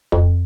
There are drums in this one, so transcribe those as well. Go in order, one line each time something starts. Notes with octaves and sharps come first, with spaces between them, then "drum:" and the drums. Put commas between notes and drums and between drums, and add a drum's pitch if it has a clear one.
F2, drum: kick